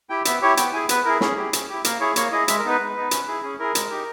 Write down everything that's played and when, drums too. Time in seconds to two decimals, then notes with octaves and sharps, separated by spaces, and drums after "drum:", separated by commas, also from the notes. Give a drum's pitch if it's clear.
0.10 E4 G4 G5
0.25 B3 E5, drum: hi-hat
0.42 E4 G4 C#5
0.57 B3 G5, drum: hi-hat
0.73 E4 G#4 G#5
0.89 B3 B4, drum: hi-hat
1.05 E4 G#4 A#4
1.21 C#4 G#4, drum: snare
1.37 E4 G4
1.53 C#4, drum: hi-hat
1.69 E4 G4
1.84 A#3 A#4, drum: hi-hat
2.00 E4 G#4 C#5
2.16 A#3 C#5, drum: hi-hat
2.32 E4 G#4 D#5
2.48 G#3 E5, drum: hi-hat
2.59 A#4
2.64 B3 D#4 B4
2.80 G#3
2.96 B3 D#4
3.11 C#4, drum: hi-hat
3.27 E4 G#4
3.43 C#4 G#4
3.59 E4 G#4 A#4
3.75 G#3, drum: hi-hat
3.90 D#4 G4